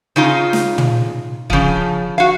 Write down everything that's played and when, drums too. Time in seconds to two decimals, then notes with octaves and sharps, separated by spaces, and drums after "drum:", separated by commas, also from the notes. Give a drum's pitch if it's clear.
0.16 C#3 D#4 F4
0.53 drum: snare
0.78 drum: tom
1.50 C#3 F3, drum: kick C#1
2.18 F#4 F5